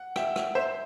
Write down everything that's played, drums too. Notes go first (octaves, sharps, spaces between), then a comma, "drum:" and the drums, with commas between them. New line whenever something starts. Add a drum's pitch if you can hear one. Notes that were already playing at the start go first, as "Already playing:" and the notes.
Already playing: F#5
E5 G5, drum: rim click
drum: rim click
C5 E5